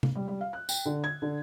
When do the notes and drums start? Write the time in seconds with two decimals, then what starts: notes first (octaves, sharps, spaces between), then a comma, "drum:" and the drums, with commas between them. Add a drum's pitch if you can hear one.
0.03 drum: tom C3
0.15 G3
0.28 G3
0.41 F5
0.53 F#6
0.69 G5, drum: tambourine
0.86 D3
1.04 G#6
1.22 D3